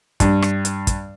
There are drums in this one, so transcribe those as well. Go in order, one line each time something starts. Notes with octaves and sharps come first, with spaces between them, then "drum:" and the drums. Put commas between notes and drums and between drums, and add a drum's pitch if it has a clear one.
G2, drum: kick, hi-hat
drum: rim click
drum: hi-hat
drum: kick, hi-hat